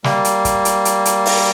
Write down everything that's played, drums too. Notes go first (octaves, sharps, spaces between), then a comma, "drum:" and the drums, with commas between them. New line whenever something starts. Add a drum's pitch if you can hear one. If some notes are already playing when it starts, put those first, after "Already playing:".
G3 A#3, drum: snare
drum: hi-hat
drum: kick, hi-hat
drum: hi-hat
drum: hi-hat
drum: hi-hat
drum: open hi-hat